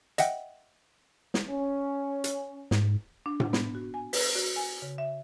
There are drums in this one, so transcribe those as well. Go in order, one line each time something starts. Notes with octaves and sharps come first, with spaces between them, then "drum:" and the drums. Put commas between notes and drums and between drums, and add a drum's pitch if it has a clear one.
D#5 E5 F#5 G5, drum: hi-hat
drum: snare
C#4
drum: hi-hat
G#2, drum: snare
D4
drum: tom A2
B3, drum: snare
F#4
G#5
B4, drum: open hi-hat
F#4
G#5
C#3
E5